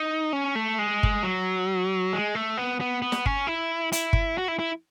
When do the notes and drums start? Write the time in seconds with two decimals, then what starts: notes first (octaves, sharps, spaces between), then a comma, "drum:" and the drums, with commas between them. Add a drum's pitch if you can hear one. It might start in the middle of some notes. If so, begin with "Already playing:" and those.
Already playing: D#4
0.33 C#4
0.55 A3
0.79 G#3
1.03 drum: kick
1.23 F#3
2.13 G#3
2.35 A3
2.57 B3
2.80 B3
3.02 B3
3.12 drum: snare
3.26 C#4, drum: kick
3.47 E4
3.92 E4, drum: hi-hat
4.13 drum: kick
4.38 F#4
4.48 E4
4.59 E4